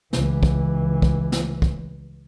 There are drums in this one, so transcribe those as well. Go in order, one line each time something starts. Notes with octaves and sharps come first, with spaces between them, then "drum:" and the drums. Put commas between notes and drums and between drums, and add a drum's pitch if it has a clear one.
C#2 E3, drum: snare
drum: kick
drum: kick
drum: snare
drum: kick